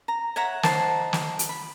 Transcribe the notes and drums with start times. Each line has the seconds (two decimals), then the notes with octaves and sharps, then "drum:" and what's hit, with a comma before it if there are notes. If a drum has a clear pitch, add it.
0.08 A#5
0.36 C#5 E5 F#5 A#5
0.63 D#4 C5 F#5 A5, drum: snare
1.13 drum: snare
1.39 drum: hi-hat
1.49 B5